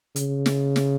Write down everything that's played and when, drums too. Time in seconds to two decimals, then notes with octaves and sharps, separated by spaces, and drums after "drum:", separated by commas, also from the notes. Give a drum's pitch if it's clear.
0.16 C#3, drum: hi-hat
0.46 drum: snare
0.76 drum: snare